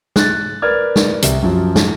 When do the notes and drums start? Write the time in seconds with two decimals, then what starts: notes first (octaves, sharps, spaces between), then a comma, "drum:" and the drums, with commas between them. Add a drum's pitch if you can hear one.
0.16 F#6 A6, drum: snare
0.62 A#4 B4 D5 F6 G#6 A6
0.96 drum: snare
1.22 C2, drum: hi-hat
1.42 F#2 F3
1.76 drum: snare